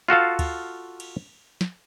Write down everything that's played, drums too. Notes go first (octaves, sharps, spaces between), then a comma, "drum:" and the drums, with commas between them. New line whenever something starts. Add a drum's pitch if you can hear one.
F4 F#4 A4 F5
drum: kick, cymbal
drum: cymbal
drum: snare